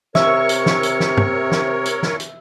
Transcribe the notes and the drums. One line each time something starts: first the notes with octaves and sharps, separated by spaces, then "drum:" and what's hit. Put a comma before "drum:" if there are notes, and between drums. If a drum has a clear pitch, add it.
C3 A#4 C#5 E5 C#6, drum: snare
drum: hi-hat
drum: snare
drum: hi-hat
drum: snare
drum: tom G2
drum: snare
drum: hi-hat
drum: snare
drum: hi-hat